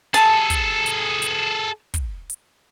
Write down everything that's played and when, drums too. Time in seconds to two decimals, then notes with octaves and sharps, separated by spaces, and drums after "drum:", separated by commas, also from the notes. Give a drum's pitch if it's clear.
0.14 G#4 A4 A5, drum: hi-hat
0.50 drum: kick, hi-hat
0.86 drum: hi-hat
1.22 drum: hi-hat
1.94 drum: kick, hi-hat
2.30 drum: hi-hat